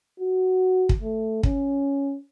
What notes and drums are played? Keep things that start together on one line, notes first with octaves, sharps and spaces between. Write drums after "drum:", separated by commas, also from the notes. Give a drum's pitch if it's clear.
F#4
drum: kick
A3
C#4, drum: kick